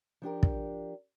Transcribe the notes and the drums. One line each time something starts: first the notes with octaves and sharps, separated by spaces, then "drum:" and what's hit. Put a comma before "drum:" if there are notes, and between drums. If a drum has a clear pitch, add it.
F3 D4 G4 A#4
drum: kick